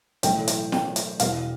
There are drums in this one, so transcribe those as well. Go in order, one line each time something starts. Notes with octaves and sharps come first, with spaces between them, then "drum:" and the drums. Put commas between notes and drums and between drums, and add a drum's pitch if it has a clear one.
B1 A2 E3 A3 G5, drum: hi-hat
drum: hi-hat
G5, drum: snare
drum: hi-hat
E1 E2 B2 B3 F5, drum: hi-hat